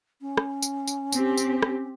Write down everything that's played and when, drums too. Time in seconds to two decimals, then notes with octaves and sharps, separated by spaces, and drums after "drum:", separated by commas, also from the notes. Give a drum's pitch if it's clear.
0.21 C#4
0.37 drum: rim click
0.62 drum: tambourine
0.87 drum: tambourine
1.12 C4 G4, drum: tambourine
1.37 drum: tambourine
1.62 drum: rim click